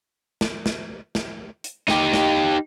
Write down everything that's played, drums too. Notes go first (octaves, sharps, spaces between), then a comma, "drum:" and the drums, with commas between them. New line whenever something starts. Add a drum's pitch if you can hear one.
drum: snare
drum: snare
drum: snare
drum: hi-hat
D#4 G4, drum: snare
drum: snare